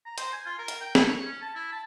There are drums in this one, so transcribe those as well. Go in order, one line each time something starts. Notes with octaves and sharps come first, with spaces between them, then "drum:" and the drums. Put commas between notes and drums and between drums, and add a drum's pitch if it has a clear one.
A#5
C5, drum: hi-hat
G#5
F4
A#4
drum: hi-hat
G5
E4, drum: snare
C#5
C#4
A5
E4
A5